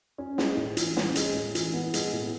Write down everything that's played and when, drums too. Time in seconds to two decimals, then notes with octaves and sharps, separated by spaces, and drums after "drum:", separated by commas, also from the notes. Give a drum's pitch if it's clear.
0.18 C#4
0.38 G#3, drum: snare
0.57 A2
0.77 E3, drum: hi-hat
0.97 C#4, drum: snare
1.15 G#3, drum: hi-hat
1.35 A2
1.55 E3, drum: hi-hat
1.74 B3
1.94 G#3, drum: hi-hat
2.13 A2